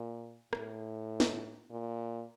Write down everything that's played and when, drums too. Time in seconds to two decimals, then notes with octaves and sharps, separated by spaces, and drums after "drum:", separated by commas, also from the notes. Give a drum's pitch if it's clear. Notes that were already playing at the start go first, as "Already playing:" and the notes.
Already playing: A#2
0.53 A2, drum: rim click
1.20 drum: snare
1.70 A#2